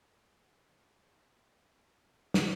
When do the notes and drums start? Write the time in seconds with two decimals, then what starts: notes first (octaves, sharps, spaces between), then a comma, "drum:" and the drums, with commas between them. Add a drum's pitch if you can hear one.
1.81 G1 G2 D#3 F#3 D5
2.34 drum: snare